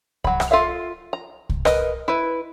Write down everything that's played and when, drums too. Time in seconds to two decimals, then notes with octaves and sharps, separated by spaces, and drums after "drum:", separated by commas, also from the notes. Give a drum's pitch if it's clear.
0.24 F#3 B5, drum: kick C2
0.40 drum: rim click
0.51 F4 A4 E5 F5
1.13 A#5
1.49 drum: kick C2
1.65 A#4 B4 D#5, drum: rim click
2.08 E4 B4